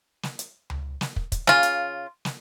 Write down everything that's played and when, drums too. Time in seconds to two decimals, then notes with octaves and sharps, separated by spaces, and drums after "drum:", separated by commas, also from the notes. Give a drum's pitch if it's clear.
0.23 drum: snare
0.39 drum: hi-hat
0.70 drum: tom C#2
1.01 drum: snare
1.16 drum: kick
1.32 drum: kick, hi-hat
1.47 C#3 F4, drum: snare
1.63 drum: hi-hat
2.25 drum: snare